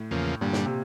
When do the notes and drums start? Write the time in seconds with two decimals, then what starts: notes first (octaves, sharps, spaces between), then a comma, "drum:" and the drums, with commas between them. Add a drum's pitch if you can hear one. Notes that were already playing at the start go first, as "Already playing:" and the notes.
Already playing: A2
0.11 E2 C#3 F3 A#3
0.41 G2 A#2 D3 G3
0.53 drum: snare
0.66 C3